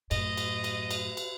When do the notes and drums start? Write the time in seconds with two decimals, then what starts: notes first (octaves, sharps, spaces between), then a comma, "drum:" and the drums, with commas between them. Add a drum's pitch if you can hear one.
0.11 F#2 A2 D#5, drum: cymbal
0.37 drum: cymbal
0.64 drum: cymbal
0.91 drum: cymbal
1.17 drum: cymbal